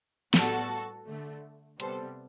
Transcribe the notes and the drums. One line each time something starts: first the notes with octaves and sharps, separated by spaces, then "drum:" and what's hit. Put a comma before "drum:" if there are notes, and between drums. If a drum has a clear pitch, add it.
A2 G3 B3 F#4 A4, drum: snare
D3 A3
C3 G3 B3 A4 C5, drum: hi-hat